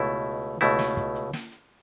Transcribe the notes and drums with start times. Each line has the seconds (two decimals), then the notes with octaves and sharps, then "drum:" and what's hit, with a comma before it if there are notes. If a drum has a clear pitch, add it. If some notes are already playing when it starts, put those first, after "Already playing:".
Already playing: C#2 B2 A3 E4
0.61 C#2 B2 A3 E4, drum: hi-hat
0.79 drum: snare
0.97 drum: kick, hi-hat
1.15 drum: hi-hat
1.33 drum: snare
1.51 drum: hi-hat